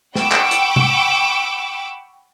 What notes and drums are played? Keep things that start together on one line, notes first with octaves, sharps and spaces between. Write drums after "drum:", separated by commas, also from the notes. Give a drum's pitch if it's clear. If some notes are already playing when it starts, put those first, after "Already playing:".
F#5 G5 B5 C#6 D6 E6, drum: snare
drum: clap
drum: hi-hat
drum: tom C3